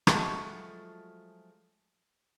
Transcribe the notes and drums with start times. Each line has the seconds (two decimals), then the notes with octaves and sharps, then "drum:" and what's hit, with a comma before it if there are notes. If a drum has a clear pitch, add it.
0.07 F3 F#3 G#3 A3 F4 F#4, drum: rim click